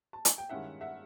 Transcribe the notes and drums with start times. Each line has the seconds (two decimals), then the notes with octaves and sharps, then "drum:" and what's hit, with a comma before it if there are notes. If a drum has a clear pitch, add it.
0.13 A5
0.25 G#5, drum: hi-hat
0.38 G5
0.49 G2 D#3 G#3 C#4 E4 E5 F#5
0.81 E5 F#5